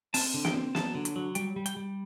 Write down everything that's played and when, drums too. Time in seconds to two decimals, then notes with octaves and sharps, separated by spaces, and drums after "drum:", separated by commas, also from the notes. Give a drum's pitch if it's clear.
0.14 C4 A5, drum: open hi-hat
0.34 D3
0.45 G5, drum: snare
0.54 C4
0.75 F#3 A5, drum: snare
0.95 D3
1.05 drum: hi-hat
1.16 F#3
1.35 G3 G5, drum: hi-hat
1.56 G3
1.66 G5, drum: hi-hat
1.76 G3